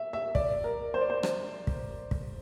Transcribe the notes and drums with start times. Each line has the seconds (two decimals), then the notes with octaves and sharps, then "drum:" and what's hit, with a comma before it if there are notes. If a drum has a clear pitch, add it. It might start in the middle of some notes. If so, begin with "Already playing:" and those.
Already playing: E5
0.13 E5
0.35 D5, drum: kick
0.64 A#4
0.94 C5
1.01 D5
1.10 C5
1.23 drum: rim click
1.67 drum: kick
2.11 drum: kick